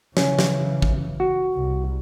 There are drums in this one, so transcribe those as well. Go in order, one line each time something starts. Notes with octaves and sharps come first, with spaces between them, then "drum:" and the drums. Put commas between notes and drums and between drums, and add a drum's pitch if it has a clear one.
C#3 E3 C#4, drum: snare
drum: snare
drum: kick
F#4
C2